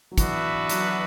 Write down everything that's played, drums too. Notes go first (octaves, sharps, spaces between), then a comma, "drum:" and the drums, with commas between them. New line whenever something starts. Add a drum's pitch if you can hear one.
F#3
E3 B3 D4 F#4 B4 E5, drum: kick, hi-hat
F#3, drum: hi-hat